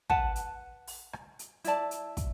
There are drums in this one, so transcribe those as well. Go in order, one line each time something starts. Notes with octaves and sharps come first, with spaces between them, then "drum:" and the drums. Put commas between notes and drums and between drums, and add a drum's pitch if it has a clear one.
B4 F#5 A5, drum: kick
drum: hi-hat
drum: open hi-hat
drum: rim click
drum: hi-hat
E4 D5 A5, drum: hi-hat
drum: hi-hat
drum: kick, hi-hat